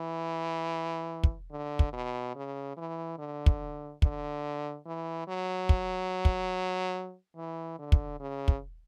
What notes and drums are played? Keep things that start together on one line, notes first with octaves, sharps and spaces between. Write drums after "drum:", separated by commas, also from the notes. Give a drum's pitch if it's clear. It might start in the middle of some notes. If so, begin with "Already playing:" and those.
Already playing: E3
drum: kick
D3
drum: kick
B2
C#3
E3
D3
drum: kick
D3, drum: kick
E3
F#3
drum: kick
drum: kick
E3
D3
drum: kick
C#3
drum: kick